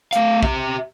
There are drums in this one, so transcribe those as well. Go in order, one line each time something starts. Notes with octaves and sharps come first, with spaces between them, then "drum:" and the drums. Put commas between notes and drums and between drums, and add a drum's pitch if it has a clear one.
A3 F5, drum: hi-hat
G4 E5, drum: kick